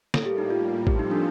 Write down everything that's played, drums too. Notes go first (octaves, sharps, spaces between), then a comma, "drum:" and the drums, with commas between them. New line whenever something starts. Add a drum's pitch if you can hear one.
A2 G3 A#3 A4, drum: snare
G4
D#4
F4
F3 C4 F4 G4 A4, drum: kick
D#4
D4